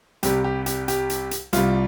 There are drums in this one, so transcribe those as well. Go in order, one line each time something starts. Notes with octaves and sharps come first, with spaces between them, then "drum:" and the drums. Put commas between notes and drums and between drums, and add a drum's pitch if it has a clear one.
C2 C3 G3 G4, drum: hi-hat
G4
G4, drum: hi-hat
G4, drum: hi-hat
drum: hi-hat
drum: hi-hat
C2 C3 G3 F4, drum: hi-hat